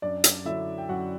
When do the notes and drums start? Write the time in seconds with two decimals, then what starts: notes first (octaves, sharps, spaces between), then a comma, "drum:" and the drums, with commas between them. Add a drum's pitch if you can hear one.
0.02 F#2 D4 D5
0.24 drum: hi-hat
0.45 D3 F#3 E4 E5
0.78 G5
0.89 F#2 F#4 F#5